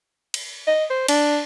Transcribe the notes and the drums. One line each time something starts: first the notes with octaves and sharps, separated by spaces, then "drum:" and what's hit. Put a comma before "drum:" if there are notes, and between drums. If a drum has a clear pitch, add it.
drum: cymbal
D#5
C5
D4, drum: cymbal